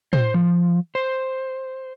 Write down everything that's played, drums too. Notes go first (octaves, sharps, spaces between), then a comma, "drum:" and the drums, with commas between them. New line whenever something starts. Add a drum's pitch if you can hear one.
C5, drum: tom
F3
C5